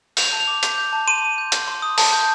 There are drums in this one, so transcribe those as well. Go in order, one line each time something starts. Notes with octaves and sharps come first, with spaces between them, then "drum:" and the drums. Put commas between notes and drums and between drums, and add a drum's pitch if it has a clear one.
G6 F7, drum: open hi-hat
A5
F7
D6
G6, drum: hi-hat
G6
A5
C6 D#7
C6
G6
C6, drum: hi-hat
C6
D#6
A5, drum: open hi-hat
G6